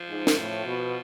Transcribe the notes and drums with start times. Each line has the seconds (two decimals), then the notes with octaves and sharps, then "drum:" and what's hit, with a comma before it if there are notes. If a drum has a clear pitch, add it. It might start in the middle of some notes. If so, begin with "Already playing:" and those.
Already playing: F3
0.08 G#2
0.27 drum: snare
0.37 A2
0.65 B2